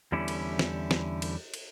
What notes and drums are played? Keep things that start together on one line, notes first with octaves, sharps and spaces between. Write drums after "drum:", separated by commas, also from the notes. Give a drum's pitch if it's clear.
E2 D3 G3 C#4 E4
drum: cymbal
drum: snare
drum: snare
drum: cymbal
drum: cymbal